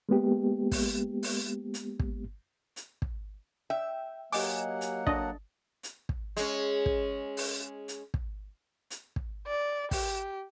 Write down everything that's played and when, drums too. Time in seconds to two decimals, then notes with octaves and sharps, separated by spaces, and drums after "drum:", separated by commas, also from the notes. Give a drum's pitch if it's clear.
0.09 G#3 A#3 B3 G4
0.72 drum: kick, open hi-hat
1.23 drum: open hi-hat
1.74 drum: hi-hat
1.99 drum: kick
2.76 drum: hi-hat
3.02 drum: kick
3.70 E5 G5
4.32 F#3 A#3 G4 D#5 F#5 G#5 D6, drum: open hi-hat
4.81 drum: hi-hat
5.07 D4 D#5 A5, drum: kick
5.83 drum: hi-hat
6.09 drum: kick
6.37 G#3 C#4, drum: hi-hat
6.86 drum: kick
7.37 drum: open hi-hat
7.88 drum: hi-hat
8.14 drum: kick
8.91 drum: hi-hat
9.16 drum: kick
9.47 D5
9.91 G4, drum: kick, open hi-hat